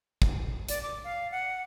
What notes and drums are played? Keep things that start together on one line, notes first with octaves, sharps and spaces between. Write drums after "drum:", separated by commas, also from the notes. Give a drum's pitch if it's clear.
drum: kick
D5, drum: hi-hat
D6
F5
F#5